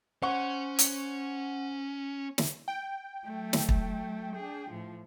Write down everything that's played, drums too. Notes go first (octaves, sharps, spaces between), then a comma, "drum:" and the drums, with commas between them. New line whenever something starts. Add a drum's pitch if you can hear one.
C#4 C5 F#5 C#6
drum: hi-hat
drum: snare
G5
F#3 A3
drum: snare
drum: kick
D4 G#4
A2 F3